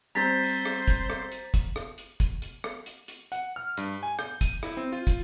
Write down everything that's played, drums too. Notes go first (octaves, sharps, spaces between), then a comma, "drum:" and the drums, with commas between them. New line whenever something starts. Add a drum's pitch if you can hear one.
G3 C4 C5 A#5 A6 B6
drum: open hi-hat
drum: rim click
drum: kick, hi-hat
drum: rim click
drum: hi-hat
drum: kick, hi-hat
drum: rim click
drum: hi-hat
drum: kick, hi-hat
drum: hi-hat
drum: rim click
drum: hi-hat
drum: hi-hat
F#5, drum: hi-hat
F6
G2, drum: hi-hat
G#5
G6, drum: rim click
D#7, drum: kick, hi-hat
E4, drum: rim click
C4
F4
drum: kick, hi-hat